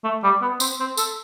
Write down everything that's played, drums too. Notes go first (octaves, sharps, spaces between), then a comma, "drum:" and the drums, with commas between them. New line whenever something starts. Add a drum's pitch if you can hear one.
A3
G3
B3
C4, drum: tambourine
C4
A4, drum: tambourine